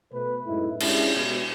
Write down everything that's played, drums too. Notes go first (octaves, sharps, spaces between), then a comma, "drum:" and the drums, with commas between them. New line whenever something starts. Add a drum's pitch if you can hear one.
B2 A3 B4
F#2 A2 G#3 D#4 E4
G#3 C#4 D4 E4 G4 G#4, drum: cymbal
B2